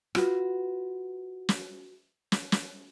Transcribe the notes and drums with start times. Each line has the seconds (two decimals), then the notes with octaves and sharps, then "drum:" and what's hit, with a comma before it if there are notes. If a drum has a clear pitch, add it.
0.15 F4 F#4 B4, drum: rim click
1.49 drum: snare
2.32 drum: snare
2.52 drum: snare